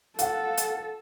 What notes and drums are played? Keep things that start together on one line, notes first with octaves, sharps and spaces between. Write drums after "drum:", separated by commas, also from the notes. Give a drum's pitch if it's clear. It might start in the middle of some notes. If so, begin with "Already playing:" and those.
A4 F5 F#5, drum: hi-hat
drum: hi-hat